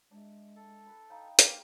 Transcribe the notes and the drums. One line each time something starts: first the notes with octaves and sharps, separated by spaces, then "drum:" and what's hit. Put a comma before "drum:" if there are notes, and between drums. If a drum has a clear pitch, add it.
G#3 D4 E5
A4
B4 B5
D#4 F5 G5 B5
A#3 D#4 G4 G#4 A#4 C6, drum: hi-hat